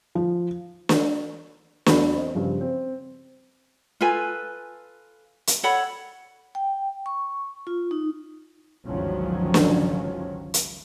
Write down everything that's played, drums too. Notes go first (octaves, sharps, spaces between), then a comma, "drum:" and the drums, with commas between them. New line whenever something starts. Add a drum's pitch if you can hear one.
F3
drum: snare
E2 F#3 B5, drum: snare
C4 D#5
G2 C#3 F3
C4
F4 A4 B4 G#5
drum: hi-hat
A4 C#5 F#5 B5
G5
C#6
F4
D#4
G1 C#2 D#3 F3 F#3 C#4
drum: snare
drum: hi-hat